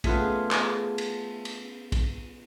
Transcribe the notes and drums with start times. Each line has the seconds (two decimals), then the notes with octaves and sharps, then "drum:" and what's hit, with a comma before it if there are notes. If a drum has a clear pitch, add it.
0.04 A3 B3 C#4 F4 G#4 B6, drum: kick, cymbal
0.51 drum: clap
0.98 drum: cymbal
1.45 drum: cymbal
1.92 drum: kick, cymbal